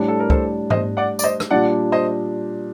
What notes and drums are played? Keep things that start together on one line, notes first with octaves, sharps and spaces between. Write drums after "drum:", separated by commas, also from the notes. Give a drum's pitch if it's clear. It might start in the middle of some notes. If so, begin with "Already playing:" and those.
Already playing: A2 G3 D4
A4
A#4
A4 C5, drum: kick
C5 D#5, drum: tom G#2
D5 F#5
D5, drum: tambourine
C5 D#5
drum: rim click
A#2 G3 D4 D5 F#5
C5 D#5